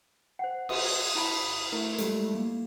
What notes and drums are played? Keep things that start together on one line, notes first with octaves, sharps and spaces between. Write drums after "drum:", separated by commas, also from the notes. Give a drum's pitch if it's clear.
C5 F#5
D#6, drum: cymbal
E4 A5 B5
A3 E4 A#4
G3 G#3 F4 G4 A4, drum: hi-hat
A#3